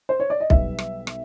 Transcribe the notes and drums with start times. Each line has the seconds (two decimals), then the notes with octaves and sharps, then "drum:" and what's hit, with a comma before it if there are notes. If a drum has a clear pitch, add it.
0.09 C5
0.20 C#5
0.30 D5
0.40 D#5
0.50 B1 B2 G3 B3 E5, drum: kick B1
0.79 drum: rim click
1.07 drum: rim click